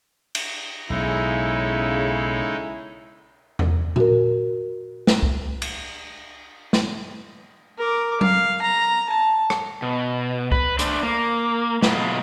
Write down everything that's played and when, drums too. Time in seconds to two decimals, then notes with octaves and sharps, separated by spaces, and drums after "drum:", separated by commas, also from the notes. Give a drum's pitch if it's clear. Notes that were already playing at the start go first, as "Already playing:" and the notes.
0.35 drum: cymbal
0.90 B1 C#3 G#3 D#4 E4 A4
3.59 drum: tom E2
3.96 F#4 A#4, drum: tom A#2
5.07 drum: snare
5.23 drum: kick C2
5.62 drum: cymbal
6.73 drum: snare
7.79 A#4 D6
8.21 F5, drum: tom F#3
8.62 A#5
9.10 A5
9.50 drum: rim click
9.82 B2
10.52 B4, drum: kick C2
10.79 A3 D4 C5, drum: hi-hat
11.03 A#3
11.82 B2 F#3 G#3 F4 B4, drum: snare